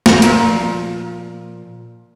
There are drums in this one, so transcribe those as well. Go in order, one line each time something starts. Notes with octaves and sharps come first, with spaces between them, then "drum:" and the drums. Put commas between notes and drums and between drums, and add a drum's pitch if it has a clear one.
drum: snare
A#2 F3, drum: hi-hat